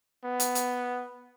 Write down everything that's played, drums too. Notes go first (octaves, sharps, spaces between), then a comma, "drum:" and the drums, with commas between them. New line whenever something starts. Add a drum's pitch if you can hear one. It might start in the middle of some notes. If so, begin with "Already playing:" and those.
B3
drum: hi-hat
drum: hi-hat